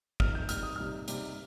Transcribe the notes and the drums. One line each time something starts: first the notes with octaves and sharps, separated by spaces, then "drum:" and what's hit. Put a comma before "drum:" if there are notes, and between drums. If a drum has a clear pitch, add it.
F2 C3 G3 D#4 F6, drum: kick
G6
C3 G3 D#4 F6, drum: hi-hat
D#6
C3 G3 D#4 F6
C3 G3 D#4, drum: hi-hat